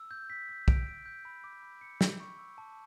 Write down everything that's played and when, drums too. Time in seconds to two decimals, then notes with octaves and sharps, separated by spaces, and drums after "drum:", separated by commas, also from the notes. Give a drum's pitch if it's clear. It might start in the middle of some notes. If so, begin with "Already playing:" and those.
Already playing: E6
0.11 G6
0.30 B6
0.49 G6
0.68 D7, drum: kick
0.87 D7
1.06 G6
1.25 B5
1.44 D6
1.63 B5
1.81 C#7
2.01 C#7, drum: snare
2.20 C#6
2.39 E6
2.58 A5